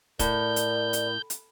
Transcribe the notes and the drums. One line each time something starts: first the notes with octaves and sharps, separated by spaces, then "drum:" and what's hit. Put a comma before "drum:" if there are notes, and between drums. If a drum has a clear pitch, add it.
A2 A#4 D5 G6, drum: kick, hi-hat
drum: hi-hat
drum: hi-hat
drum: hi-hat